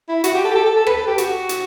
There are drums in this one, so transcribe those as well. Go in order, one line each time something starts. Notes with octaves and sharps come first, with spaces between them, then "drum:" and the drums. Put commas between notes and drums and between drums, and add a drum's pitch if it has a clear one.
E4
F#4, drum: hi-hat
G4
A4
G4
A4
A4
A4
B4, drum: rim click
A4
G4
F#4, drum: hi-hat
drum: hi-hat